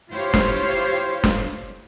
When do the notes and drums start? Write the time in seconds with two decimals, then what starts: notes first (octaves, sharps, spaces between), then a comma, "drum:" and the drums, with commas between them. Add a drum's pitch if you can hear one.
0.11 E4 F4 G4 C5 C#5 F5
0.34 drum: snare
1.24 drum: snare